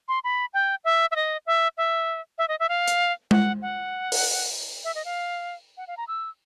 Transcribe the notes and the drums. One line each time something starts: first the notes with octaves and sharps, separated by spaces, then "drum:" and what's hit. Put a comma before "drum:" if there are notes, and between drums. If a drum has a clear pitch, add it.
C6
B5
G5
E5
E5
D#5
E5
E5
E5
D#5
E5
F5
drum: hi-hat
F#5, drum: tom G#3
F#5
drum: open hi-hat
E5
D#5
F5
F#5
F5
A#5
E6